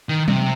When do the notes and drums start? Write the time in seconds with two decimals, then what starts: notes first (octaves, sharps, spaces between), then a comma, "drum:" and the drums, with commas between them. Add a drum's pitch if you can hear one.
0.09 D#3
0.28 C3, drum: tom F#3